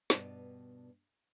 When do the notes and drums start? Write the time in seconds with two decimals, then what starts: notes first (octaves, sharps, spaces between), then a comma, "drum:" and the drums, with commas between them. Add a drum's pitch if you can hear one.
0.10 G2 B2 B4 D5 A5, drum: snare